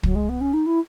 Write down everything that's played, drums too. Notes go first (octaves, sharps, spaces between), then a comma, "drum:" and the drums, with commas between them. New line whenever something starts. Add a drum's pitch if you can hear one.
F#3, drum: kick
G#3
B3
C#4
D#4
E4